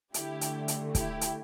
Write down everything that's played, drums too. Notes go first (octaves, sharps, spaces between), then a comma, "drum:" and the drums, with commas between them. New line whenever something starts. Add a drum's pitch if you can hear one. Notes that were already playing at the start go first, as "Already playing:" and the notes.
D3 A3 E4 G4, drum: hi-hat
drum: hi-hat
drum: hi-hat
E4 G4, drum: kick, hi-hat
drum: hi-hat